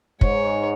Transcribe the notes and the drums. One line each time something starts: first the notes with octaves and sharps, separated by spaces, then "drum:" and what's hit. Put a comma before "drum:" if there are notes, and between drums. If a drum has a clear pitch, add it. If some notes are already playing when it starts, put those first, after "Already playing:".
G#2 C#5, drum: kick